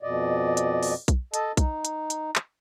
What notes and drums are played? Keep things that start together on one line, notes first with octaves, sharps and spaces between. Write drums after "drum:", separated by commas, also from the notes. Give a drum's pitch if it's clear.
F2 B2 D5 D#5
drum: hi-hat
drum: open hi-hat
drum: kick B1, hi-hat
A4 D#5 A5, drum: hi-hat
D#4, drum: kick B1, hi-hat
drum: hi-hat
drum: hi-hat
drum: clap